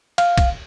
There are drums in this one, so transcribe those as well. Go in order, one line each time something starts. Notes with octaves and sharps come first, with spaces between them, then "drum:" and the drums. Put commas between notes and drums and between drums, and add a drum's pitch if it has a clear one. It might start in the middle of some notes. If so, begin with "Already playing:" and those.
F5, drum: cymbal
drum: kick, cymbal